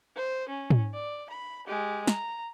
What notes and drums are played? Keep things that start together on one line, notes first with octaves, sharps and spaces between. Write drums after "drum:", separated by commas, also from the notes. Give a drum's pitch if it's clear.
C5
C#4
drum: tom
D5
B5
G#3 G4
A#5, drum: snare